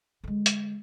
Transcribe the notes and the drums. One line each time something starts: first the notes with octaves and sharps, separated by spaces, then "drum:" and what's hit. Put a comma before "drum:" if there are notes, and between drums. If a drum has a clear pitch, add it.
D3 G#3
drum: hi-hat